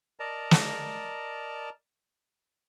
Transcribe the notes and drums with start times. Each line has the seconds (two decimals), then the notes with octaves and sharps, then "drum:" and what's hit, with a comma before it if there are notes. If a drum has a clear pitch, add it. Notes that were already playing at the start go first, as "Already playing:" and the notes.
0.20 A#4 D5 D#5 A5 A#5
0.51 drum: snare